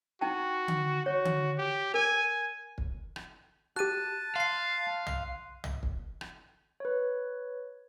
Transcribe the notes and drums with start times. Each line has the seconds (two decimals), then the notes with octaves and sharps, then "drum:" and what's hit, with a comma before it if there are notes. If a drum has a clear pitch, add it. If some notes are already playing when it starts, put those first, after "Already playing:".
0.21 D#4 F#4 G5 A5
0.68 drum: tom D3
1.06 F#4 C#5
1.25 drum: tom D3
1.58 G4
1.94 A#4 G#5
2.78 drum: kick
3.16 drum: rim click
3.76 F#4 G4 A5 F#6 D#7
4.36 F5 C6 C7
5.07 drum: tom
5.64 drum: tom
5.83 drum: kick
6.21 drum: rim click
6.80 B4 C#5